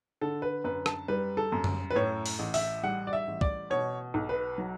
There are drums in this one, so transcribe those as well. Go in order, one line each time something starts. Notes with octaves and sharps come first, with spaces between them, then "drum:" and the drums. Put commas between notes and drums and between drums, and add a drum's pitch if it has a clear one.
D3 A4
B4
F#2 B4
A5, drum: rim click
G3 B4
A4
F#2
drum: tom F#2
B4
A2 C#5
drum: open hi-hat
A1
E5, drum: open hi-hat
G3 F#5
D5
E5
A1
D5, drum: kick
B2 C#5
B1
B4
F#3